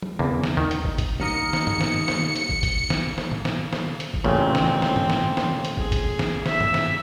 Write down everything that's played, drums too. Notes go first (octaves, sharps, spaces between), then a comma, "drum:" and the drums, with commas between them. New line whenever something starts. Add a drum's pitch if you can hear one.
drum: tom F3
E2 C#3 A#3 C4
drum: snare
D#2 D#3
drum: hi-hat
drum: kick
drum: kick, hi-hat
D#2 A#4 D#5 C#7
drum: snare
drum: tom G2
drum: snare
drum: snare
drum: hi-hat
drum: kick
drum: kick, hi-hat
drum: snare
drum: snare
drum: tom A2
drum: snare
drum: snare
drum: hi-hat
drum: kick
A1 A#2 C#3 C4
drum: snare
drum: snare
drum: tom G2
drum: snare
drum: snare
drum: hi-hat
G#4, drum: kick
drum: kick, hi-hat
drum: snare
E5, drum: snare
drum: tom G2
drum: snare